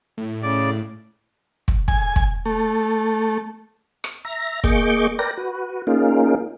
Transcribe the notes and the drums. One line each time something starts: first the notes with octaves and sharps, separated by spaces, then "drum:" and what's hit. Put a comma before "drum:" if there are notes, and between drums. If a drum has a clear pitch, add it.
A2
C#3 D5
drum: kick
G#5, drum: kick
drum: kick
A3
drum: rim click
E5 A#5 A#6
A#3 G#4 D#5 C#6 D6 G6, drum: kick
A#4 B4 D5 G5 A#6
F#4 B4
A#3 C#4 D#4 F4 G#4 A#4